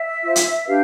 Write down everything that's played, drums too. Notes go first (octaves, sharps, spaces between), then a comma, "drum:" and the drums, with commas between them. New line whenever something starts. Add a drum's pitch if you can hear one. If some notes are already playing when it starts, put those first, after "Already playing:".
Already playing: E5
F4 C5
drum: hi-hat
D4 G4 B4 F5